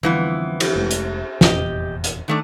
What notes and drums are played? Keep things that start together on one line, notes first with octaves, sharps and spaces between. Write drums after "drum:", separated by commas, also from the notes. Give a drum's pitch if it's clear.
F2 D3 E3 G3 B3 D4
drum: cymbal
F1 G#3 A3
drum: hi-hat
F1 E2 A#2 G4 D#5, drum: snare
drum: hi-hat
D#3 A3 D4